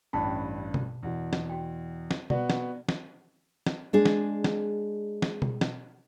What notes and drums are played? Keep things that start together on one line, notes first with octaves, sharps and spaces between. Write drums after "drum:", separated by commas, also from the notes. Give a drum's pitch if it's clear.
A1 G2 C#4 G5 A5 B5
drum: tom B2
E2 B2
drum: snare
F#4 G5
drum: snare
B3 F#4 D5, drum: tom B2
drum: snare
drum: snare
drum: snare
G#3 D4 G#4
drum: snare
drum: snare
drum: snare
drum: tom B2
drum: snare